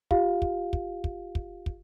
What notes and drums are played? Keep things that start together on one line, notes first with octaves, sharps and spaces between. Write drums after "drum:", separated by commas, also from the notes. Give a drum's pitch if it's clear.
F4 G4 F5, drum: kick
drum: kick
drum: kick
drum: kick
drum: kick
drum: kick